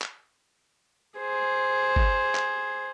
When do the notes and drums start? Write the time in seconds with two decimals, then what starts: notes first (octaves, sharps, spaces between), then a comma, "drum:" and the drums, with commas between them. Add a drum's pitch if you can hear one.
0.02 drum: clap
1.19 G#4 C5
1.96 drum: kick
2.35 drum: clap